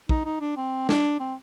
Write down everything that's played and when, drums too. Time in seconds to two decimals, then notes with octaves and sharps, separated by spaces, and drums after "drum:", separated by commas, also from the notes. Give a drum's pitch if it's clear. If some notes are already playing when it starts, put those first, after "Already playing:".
0.09 D#4, drum: kick
0.25 D#4
0.41 D4
0.57 C4
0.89 D4, drum: snare
1.20 C4